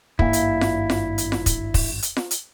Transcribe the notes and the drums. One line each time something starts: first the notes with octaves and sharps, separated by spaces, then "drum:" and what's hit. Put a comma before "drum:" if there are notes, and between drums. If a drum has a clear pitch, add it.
G#1 G2 A#3 E4, drum: kick
drum: hi-hat
drum: snare F4
drum: snare F4
drum: hi-hat
drum: snare F4
drum: kick, hi-hat
drum: kick, open hi-hat
drum: hi-hat
drum: snare F4
drum: hi-hat